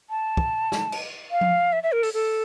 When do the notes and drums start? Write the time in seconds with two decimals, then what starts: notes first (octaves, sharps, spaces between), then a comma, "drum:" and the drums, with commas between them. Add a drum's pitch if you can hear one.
0.10 A5
0.37 drum: kick
0.72 drum: snare
0.92 drum: cymbal
1.31 F5
1.41 drum: tom F3
1.73 E5
1.83 E5
1.92 A#4
2.03 A4, drum: open hi-hat
2.14 A4